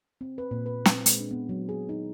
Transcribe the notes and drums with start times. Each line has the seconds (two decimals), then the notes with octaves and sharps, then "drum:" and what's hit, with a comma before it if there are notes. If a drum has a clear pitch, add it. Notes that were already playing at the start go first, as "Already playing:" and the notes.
0.21 C4
0.38 B4
0.51 A#2
0.66 B4
0.85 C4, drum: snare
1.06 G#3, drum: hi-hat
1.19 D4
1.31 B3
1.49 F#3
1.69 G#4
1.89 D#4